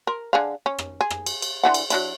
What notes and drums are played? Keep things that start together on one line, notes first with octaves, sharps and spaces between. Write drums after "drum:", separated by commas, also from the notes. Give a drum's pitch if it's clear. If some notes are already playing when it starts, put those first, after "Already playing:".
A#4
D3 G#4 F5
C#4
drum: rim click
G#4
drum: rim click
drum: cymbal
drum: cymbal
D3 E3 F#5
drum: cymbal
F#3 D4 E4, drum: cymbal